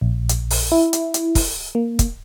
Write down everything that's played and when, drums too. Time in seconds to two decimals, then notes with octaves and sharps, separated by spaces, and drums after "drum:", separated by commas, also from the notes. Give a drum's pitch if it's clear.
0.01 A#1
0.29 drum: hi-hat
0.50 drum: open hi-hat
0.72 E4
0.93 drum: hi-hat
1.14 drum: hi-hat
1.35 drum: kick, open hi-hat
1.75 A#3
1.99 drum: kick, hi-hat